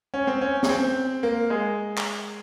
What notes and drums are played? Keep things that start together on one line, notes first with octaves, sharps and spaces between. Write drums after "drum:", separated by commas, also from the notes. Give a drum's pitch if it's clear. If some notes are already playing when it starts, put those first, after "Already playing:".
C#4
C4
C#4
C#4, drum: snare
C4
A#3
G#3
drum: clap